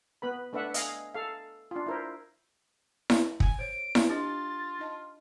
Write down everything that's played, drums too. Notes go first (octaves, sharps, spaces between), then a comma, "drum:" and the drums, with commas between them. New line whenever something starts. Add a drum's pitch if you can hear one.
B3 B4 B5
A3 D4 B4 E5 F#5
D#5 F5 G#5, drum: hi-hat
A4 F5
D4 F4
E4 A#4 C5
drum: snare E4
G#5, drum: kick
C5 C#5 D7
drum: snare E4
D4 F4 G4 D#5 A6
D#4 D#5 A5